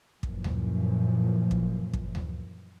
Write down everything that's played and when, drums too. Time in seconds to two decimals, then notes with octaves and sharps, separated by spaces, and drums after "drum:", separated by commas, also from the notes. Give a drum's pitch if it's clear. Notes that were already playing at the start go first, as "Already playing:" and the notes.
0.23 F#2 A#2 E3 F3, drum: kick
0.44 drum: tom D2
1.51 drum: kick
1.93 drum: kick
2.15 drum: tom D2